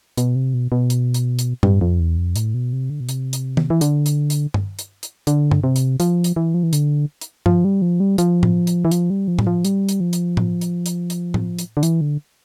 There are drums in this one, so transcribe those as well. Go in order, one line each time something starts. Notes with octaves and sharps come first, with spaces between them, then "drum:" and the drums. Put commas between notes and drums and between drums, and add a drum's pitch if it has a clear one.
B2, drum: hi-hat
C3
B2
B2
drum: hi-hat
drum: hi-hat
drum: hi-hat
G2, drum: tom A2
F2
E2
F2
A2, drum: hi-hat
B2
C3
D3
B2
C3, drum: hi-hat
drum: hi-hat
drum: tom
E3
D3, drum: hi-hat
drum: hi-hat
drum: hi-hat
drum: tom G2
drum: hi-hat
drum: hi-hat
D3, drum: hi-hat
drum: tom G2
C3
drum: hi-hat
F3, drum: hi-hat
drum: hi-hat
E3
F3
E3
D3, drum: hi-hat
drum: hi-hat
F3, drum: tom G2
G3
F3
G3
F3, drum: hi-hat
drum: tom A2
drum: hi-hat
E3
F3, drum: hi-hat
G3
F3
G3, drum: tom A2
F3
G3, drum: hi-hat
drum: hi-hat
F3
drum: hi-hat
drum: tom A2
drum: hi-hat
drum: hi-hat
drum: hi-hat
drum: tom A2
drum: hi-hat
D3
E3, drum: hi-hat
D3